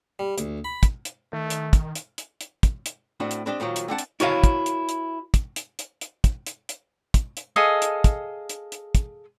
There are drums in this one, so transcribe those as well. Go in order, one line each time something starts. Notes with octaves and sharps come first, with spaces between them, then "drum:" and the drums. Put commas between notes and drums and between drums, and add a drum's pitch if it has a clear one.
G3
D2, drum: hi-hat
B5
drum: kick, hi-hat
drum: hi-hat
D#3 A3
drum: hi-hat
drum: kick, hi-hat
drum: hi-hat
drum: hi-hat
drum: hi-hat
drum: kick, hi-hat
drum: hi-hat
A2 C4 D4 F#4
drum: hi-hat
C4 D4 G4 D#5
A#2 D#3 F3 F#3
drum: hi-hat
C4 D4 F#5 A5
drum: hi-hat
E4 F#4 A#4 C#5 D5 F5, drum: hi-hat
drum: kick, hi-hat
drum: hi-hat
drum: hi-hat
drum: kick, hi-hat
drum: hi-hat
drum: hi-hat
drum: hi-hat
drum: kick, hi-hat
drum: hi-hat
drum: hi-hat
drum: kick, hi-hat
drum: hi-hat
G#4 A4 D#5 F5
drum: hi-hat
drum: kick, hi-hat
drum: hi-hat
drum: hi-hat
drum: kick, hi-hat